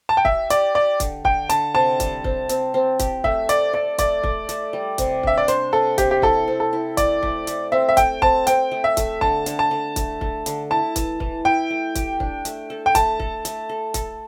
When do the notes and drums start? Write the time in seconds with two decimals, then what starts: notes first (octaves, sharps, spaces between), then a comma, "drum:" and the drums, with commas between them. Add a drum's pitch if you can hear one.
0.09 A5
0.17 G5
0.25 G4 E5, drum: kick
0.50 G4 D5, drum: hi-hat
0.75 G4 D5
1.00 D3, drum: kick, hi-hat
1.25 D3 G5, drum: kick
1.49 D3 A5, drum: hi-hat
1.74 C3 A5
2.00 G3, drum: kick, hi-hat
2.24 C4, drum: kick
2.49 C4, drum: hi-hat
2.74 C4
2.99 G4, drum: kick, hi-hat
3.24 A3 E5, drum: kick
3.49 A3 D5, drum: hi-hat
3.73 A4 D5
3.98 A3 D5, drum: kick, hi-hat
4.23 A3, drum: kick
4.49 A3, drum: hi-hat
4.73 G3
4.98 C3, drum: kick, hi-hat
5.23 D4 E5, drum: kick
5.38 D5
5.48 D4 C5, drum: hi-hat
5.73 C3 A4
5.98 C3 G4, drum: kick, hi-hat
6.11 G4
6.22 E4 A4, drum: kick
6.48 C4
6.60 A4
6.73 E4
6.97 A3 D5, drum: kick, hi-hat
7.23 A3, drum: kick
7.47 A3, drum: hi-hat
7.72 C4 E5
7.89 E5
7.97 A3 G5, drum: kick, hi-hat
8.22 C4 A5, drum: kick
8.47 C4 G5, drum: hi-hat
8.72 A3
8.84 E5
8.97 A3, drum: kick, hi-hat
9.21 D3 A5, drum: kick
9.46 D3, drum: hi-hat
9.59 A5
9.71 D3
9.96 A3, drum: kick, hi-hat
10.21 A3, drum: kick
10.46 D3, drum: hi-hat
10.71 E4 A5
10.96 E3, drum: kick, hi-hat
11.20 E3, drum: kick
11.45 E4 G5
11.70 A3
11.95 G4, drum: kick, hi-hat
12.20 D4, drum: kick
12.45 A3, drum: hi-hat
12.70 A4
12.86 G5
12.95 A3 A5, drum: kick, hi-hat
13.20 A4, drum: kick
13.45 A3, drum: hi-hat
13.69 A4
13.94 A4, drum: kick, hi-hat